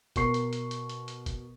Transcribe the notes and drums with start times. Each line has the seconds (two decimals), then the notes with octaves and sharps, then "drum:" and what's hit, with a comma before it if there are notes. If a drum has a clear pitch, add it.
0.16 B2 A#4 C#6 C7, drum: kick F#1, hi-hat
0.34 drum: hi-hat
0.53 drum: hi-hat
0.71 drum: hi-hat
0.90 drum: hi-hat
1.08 drum: hi-hat
1.26 drum: kick F#1, hi-hat